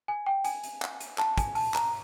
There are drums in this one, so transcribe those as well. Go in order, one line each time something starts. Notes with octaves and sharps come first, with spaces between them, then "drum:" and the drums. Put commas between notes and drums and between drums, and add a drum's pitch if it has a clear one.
G#5
G5
G#5, drum: hi-hat
drum: hi-hat
drum: clap
drum: hi-hat
A5, drum: clap
G#5, drum: kick, hi-hat
A5, drum: open hi-hat
A#5, drum: clap